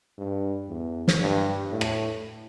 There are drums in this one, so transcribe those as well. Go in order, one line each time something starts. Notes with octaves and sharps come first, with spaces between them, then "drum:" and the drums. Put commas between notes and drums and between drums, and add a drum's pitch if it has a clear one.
G2
E2
drum: snare
G2
A2
drum: rim click